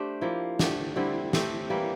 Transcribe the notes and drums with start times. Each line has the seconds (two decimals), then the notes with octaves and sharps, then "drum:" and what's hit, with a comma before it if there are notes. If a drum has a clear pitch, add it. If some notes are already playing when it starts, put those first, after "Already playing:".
Already playing: A3 D4 G4 C5
0.21 F3 A#3 E4
0.59 D3 A3 D4 G4, drum: snare
0.96 D3 G3 C4 E4
1.33 A3 C4 G4, drum: snare
1.70 E3 G3 A#3 E4